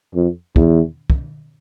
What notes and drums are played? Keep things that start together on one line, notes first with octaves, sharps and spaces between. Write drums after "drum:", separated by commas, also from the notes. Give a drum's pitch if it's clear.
F2
E2, drum: kick
drum: kick